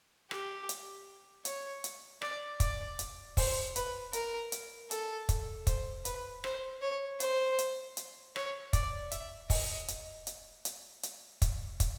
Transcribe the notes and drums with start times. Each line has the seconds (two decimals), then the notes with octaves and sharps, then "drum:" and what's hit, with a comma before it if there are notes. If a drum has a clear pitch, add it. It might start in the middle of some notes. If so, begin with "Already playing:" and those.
0.31 G4, drum: rim click
0.69 drum: hi-hat
1.45 C#5, drum: hi-hat
1.84 drum: hi-hat
2.22 D5, drum: rim click
2.60 D5, drum: kick, hi-hat
2.99 drum: hi-hat
3.37 C5, drum: kick, open hi-hat
3.76 B4, drum: hi-hat
4.13 A#4, drum: hi-hat
4.52 drum: hi-hat
4.91 A4, drum: hi-hat
5.29 drum: kick, hi-hat
5.67 C5, drum: kick, hi-hat
6.05 B4, drum: hi-hat
6.44 C5, drum: rim click
6.82 C#5
7.20 C5, drum: hi-hat
7.59 drum: hi-hat
7.97 drum: hi-hat
8.36 C#5, drum: rim click
8.73 D5, drum: kick, hi-hat
9.11 E5, drum: hi-hat
9.50 D#5, drum: kick, open hi-hat
9.88 drum: hi-hat
10.27 drum: hi-hat
10.65 drum: hi-hat
11.03 drum: hi-hat
11.42 drum: kick, hi-hat
11.80 drum: kick, hi-hat